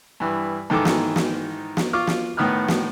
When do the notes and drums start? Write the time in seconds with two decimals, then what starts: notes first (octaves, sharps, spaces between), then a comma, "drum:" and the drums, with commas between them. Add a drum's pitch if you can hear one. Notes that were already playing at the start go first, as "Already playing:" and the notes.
0.20 G2 E3
0.70 G#2 D#3 E3 A4 D6
0.85 drum: snare
1.16 drum: snare
1.77 drum: snare
1.93 F4 C#6 D6 F6
2.07 drum: snare
2.37 A2 D#3 B3 D#6 F6 F#6
2.68 drum: snare